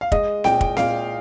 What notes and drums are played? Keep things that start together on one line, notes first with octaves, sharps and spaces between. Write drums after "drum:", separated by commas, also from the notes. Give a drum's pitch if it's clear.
F5
G#3 D#5, drum: kick
A#2 G5, drum: snare C4
drum: kick
A#2 F5, drum: snare C4